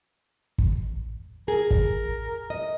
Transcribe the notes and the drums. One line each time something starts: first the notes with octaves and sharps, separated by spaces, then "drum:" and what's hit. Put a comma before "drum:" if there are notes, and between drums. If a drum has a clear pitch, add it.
drum: kick
G#4 A#4
drum: kick
D#5